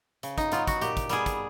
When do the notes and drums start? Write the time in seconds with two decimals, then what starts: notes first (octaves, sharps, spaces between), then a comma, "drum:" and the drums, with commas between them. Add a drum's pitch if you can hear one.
0.23 C#3, drum: hi-hat
0.38 D#4, drum: kick, hi-hat
0.52 F#3 B3 F4, drum: hi-hat
0.68 F#4, drum: kick, hi-hat
0.81 A#2 G4, drum: hi-hat
0.97 drum: kick, hi-hat
1.09 G3 B3 G#4, drum: hi-hat
1.26 drum: kick, hi-hat